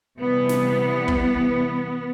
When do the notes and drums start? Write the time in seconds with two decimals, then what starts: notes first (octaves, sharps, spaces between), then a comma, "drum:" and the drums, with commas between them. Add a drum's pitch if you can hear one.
0.20 C3 E3 G3 B3
0.49 drum: snare
1.08 drum: kick